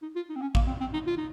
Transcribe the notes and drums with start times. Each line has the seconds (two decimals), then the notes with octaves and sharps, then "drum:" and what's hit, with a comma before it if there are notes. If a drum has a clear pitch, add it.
0.02 D#4
0.16 F4
0.29 D#4
0.36 C4
0.42 C#4
0.55 A#3, drum: kick
0.67 C4
0.81 C4
0.94 D#4
1.07 F4
1.17 D#4